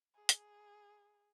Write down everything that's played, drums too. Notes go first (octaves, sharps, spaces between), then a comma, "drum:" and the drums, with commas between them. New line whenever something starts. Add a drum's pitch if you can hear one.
G#4
drum: hi-hat